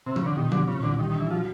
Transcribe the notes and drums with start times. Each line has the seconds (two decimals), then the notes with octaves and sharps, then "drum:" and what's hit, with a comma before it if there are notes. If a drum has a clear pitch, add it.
0.06 C3
0.16 C#3, drum: tom F3
0.26 D3
0.36 B2 D#3
0.52 D3 G3, drum: tom F3
0.67 A#2 C#3
0.83 C2 D3
0.99 D#3 G3
1.10 D#3
1.15 D4
1.20 E3
1.31 F3 F#3